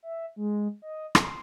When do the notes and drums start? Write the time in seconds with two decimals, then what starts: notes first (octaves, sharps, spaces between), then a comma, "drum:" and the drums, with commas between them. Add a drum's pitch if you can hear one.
0.03 E5
0.36 G#3
0.82 D#5
1.15 C6, drum: rim click